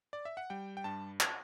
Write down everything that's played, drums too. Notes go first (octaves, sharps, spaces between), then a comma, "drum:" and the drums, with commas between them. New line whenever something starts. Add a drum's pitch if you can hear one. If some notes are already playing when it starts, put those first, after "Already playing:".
D5
E5
F#5
G3 G5
G5
G2 A5
A5, drum: clap